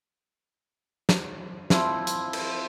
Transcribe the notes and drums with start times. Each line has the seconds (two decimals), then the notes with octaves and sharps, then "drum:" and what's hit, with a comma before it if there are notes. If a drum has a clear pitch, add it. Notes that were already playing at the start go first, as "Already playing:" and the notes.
1.09 drum: snare
1.70 F3 C4 E4, drum: snare
2.07 drum: hi-hat
2.33 drum: cymbal